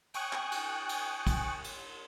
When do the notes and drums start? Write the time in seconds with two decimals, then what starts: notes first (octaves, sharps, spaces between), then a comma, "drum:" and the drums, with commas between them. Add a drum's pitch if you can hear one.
0.14 G5 G#5 C#6 D#6 F#6, drum: cymbal
0.33 drum: clap
0.51 drum: cymbal
0.89 drum: cymbal
1.27 drum: kick, cymbal
1.64 drum: cymbal